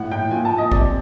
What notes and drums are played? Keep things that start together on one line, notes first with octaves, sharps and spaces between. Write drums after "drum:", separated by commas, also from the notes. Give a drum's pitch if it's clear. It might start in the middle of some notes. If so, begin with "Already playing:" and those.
Already playing: A2 F#5
A2 G5
A#2 G#5
A5
A#2
D#5
C3 D5, drum: kick A1